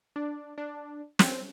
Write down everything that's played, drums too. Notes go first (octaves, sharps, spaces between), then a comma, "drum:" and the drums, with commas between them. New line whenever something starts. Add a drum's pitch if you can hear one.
D4
D4
C4, drum: snare